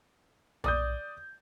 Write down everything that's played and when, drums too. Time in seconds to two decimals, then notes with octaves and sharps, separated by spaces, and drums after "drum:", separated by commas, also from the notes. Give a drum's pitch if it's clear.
0.64 D5 D#6 G6, drum: tom B1